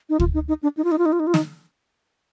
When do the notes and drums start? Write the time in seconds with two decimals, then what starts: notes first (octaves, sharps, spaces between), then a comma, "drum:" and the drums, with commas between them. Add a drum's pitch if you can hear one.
0.10 D#4
0.20 F4, drum: kick
0.34 D#4
0.48 D#4
0.63 D4
0.77 D#4
0.84 F4
0.92 D#4
0.98 F4
1.06 D#4
1.12 F4
1.20 D#4
1.27 F4
1.34 D#4, drum: snare